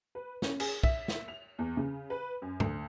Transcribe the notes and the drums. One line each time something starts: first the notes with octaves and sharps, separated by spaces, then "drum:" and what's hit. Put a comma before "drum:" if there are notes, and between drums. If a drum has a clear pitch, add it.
B4
C#4, drum: snare
G#4, drum: cymbal
E5, drum: kick
drum: snare
F7
E2
C#3
B4
F#2
D2, drum: tom G#2